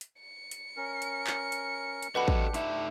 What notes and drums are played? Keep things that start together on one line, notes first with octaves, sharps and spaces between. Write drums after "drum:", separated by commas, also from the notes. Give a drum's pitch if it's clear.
drum: hi-hat
C#7
drum: hi-hat
C#4 A#4
drum: hi-hat
drum: clap
drum: hi-hat
drum: hi-hat
D4 F#4 G4 A4 B4 D#5 F#5 B5
drum: kick
A3 D#4 E5, drum: hi-hat